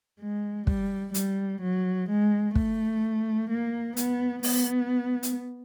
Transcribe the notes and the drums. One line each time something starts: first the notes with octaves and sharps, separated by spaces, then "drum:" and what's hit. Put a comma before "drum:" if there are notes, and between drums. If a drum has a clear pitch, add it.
G#3
G3, drum: kick
G3, drum: hi-hat
F#3
G#3
A3, drum: kick
A#3
B3, drum: hi-hat
B3, drum: open hi-hat
drum: hi-hat